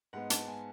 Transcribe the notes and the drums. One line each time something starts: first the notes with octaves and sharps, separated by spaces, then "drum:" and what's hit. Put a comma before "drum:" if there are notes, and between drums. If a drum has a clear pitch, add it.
G#2 G#3 B3 F#5
A5, drum: hi-hat
G#5